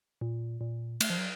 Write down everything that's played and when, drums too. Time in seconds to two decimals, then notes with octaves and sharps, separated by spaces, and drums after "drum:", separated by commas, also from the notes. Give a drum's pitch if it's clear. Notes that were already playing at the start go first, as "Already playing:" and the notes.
0.21 A#2
0.61 A#2
1.00 A3, drum: cymbal
1.10 F3
1.18 F#3